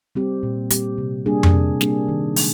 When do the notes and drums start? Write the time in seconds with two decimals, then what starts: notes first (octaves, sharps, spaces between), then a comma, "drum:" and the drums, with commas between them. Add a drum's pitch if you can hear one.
0.15 G3 C4 G4
0.43 A#2
0.70 G3 C4 G4, drum: hi-hat
0.98 C3
1.26 G3 A#3 D4 G#4
1.43 drum: tom F2
1.53 C3
1.81 G3 A#3 D4 G#4, drum: snare
2.08 D#3
2.36 G#3, drum: open hi-hat